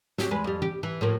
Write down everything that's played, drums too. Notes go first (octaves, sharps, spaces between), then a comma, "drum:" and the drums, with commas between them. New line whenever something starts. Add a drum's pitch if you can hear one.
F#3 C4 G4, drum: snare
E2 G#3 B4
F2 G3
G4, drum: tom E3
E3
A2 F3 A#3